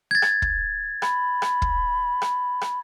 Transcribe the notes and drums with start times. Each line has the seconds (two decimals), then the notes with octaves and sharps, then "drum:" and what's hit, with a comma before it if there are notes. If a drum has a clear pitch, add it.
0.11 G#6 A6
0.22 drum: rim click
0.42 drum: kick
1.02 B5, drum: rim click
1.42 drum: rim click
1.62 drum: kick
2.22 drum: rim click
2.61 drum: rim click